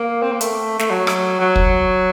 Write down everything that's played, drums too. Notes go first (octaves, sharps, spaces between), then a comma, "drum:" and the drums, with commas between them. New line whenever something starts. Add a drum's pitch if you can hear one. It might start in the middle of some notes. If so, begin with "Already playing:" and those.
Already playing: A#3
C4
A#3
A3, drum: hi-hat
A3, drum: snare
F#3
drum: rim click
F#3
drum: kick